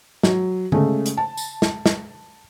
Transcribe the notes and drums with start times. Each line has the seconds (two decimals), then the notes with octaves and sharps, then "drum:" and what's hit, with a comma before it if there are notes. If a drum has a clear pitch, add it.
0.23 F#3, drum: snare
0.72 C#3 G#3 A3, drum: tom D3
1.06 drum: hi-hat
1.17 A5
1.37 drum: tambourine
1.62 drum: snare
1.86 drum: snare